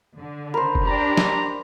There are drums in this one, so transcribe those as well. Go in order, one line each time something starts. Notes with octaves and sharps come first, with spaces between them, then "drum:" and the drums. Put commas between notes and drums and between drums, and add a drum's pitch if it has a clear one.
D3
A#4 C5 B5
drum: kick F1
D4 G4 A#5
drum: snare